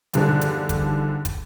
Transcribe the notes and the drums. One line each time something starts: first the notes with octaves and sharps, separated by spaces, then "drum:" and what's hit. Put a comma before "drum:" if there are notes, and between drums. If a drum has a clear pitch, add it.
E2 G2 D3 D#3 F3 D4, drum: hi-hat
drum: hi-hat
drum: kick, hi-hat
drum: kick, hi-hat